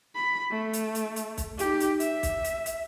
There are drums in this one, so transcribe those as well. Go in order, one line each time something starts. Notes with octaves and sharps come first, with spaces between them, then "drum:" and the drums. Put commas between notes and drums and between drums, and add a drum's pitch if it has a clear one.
B5
A3
drum: hi-hat
drum: hi-hat
drum: hi-hat
drum: kick B1, hi-hat
D#4 G4, drum: hi-hat
drum: hi-hat
E5, drum: hi-hat
drum: kick B1, hi-hat
drum: hi-hat
drum: hi-hat